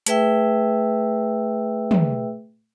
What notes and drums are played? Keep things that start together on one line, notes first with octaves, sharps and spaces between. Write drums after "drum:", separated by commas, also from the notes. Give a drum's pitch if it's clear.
A3 G#4 B4 E5 G5 E6, drum: hi-hat
drum: tom